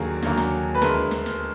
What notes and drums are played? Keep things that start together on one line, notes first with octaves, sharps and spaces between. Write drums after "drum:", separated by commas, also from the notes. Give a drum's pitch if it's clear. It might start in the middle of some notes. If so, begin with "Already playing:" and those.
Already playing: D#2 D3 F#3 A#3 G#4
D#2 D3 F#3 A#3, drum: snare
drum: snare
B4
D2 D3 G#3 A#4, drum: snare
drum: snare
drum: snare